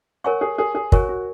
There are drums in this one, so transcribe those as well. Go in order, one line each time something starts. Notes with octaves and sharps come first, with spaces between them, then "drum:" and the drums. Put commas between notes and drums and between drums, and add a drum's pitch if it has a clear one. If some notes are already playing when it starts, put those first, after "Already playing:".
A#4 C#5 F#5 G#5 C#6
G#4
G#4
G#4
F#4 A#4 C#5 G#5 C#6, drum: kick
F#4